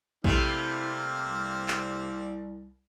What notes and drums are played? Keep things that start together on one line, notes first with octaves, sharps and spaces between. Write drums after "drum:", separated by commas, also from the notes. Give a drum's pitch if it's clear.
C3 G3 A3 A#3 C4 E4, drum: kick A#1
C2
drum: clap